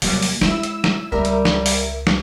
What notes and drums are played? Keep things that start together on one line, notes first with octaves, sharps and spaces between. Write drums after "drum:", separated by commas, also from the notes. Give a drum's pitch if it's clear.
D#2 C3 F#3 G3, drum: open hi-hat
drum: open hi-hat
G#3 E4 E6, drum: snare
drum: hi-hat
drum: snare
C#2 G3 A#4 E5
drum: hi-hat
drum: snare
drum: open hi-hat
drum: snare